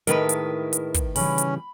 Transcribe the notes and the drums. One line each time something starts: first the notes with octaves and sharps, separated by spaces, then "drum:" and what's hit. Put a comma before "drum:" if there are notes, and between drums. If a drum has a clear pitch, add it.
A2 D#3 G#3 E4 A#4 B4, drum: hi-hat
drum: hi-hat
drum: hi-hat
drum: kick, hi-hat
C#3 E3 G3 C#4 B5, drum: open hi-hat
drum: hi-hat